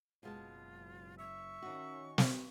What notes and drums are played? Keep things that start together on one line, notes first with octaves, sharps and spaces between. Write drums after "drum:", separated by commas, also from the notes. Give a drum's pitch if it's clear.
F#1 B2 G#3 F4 A5
E5 C#6
D#3 C#4 D#4 F#4
drum: snare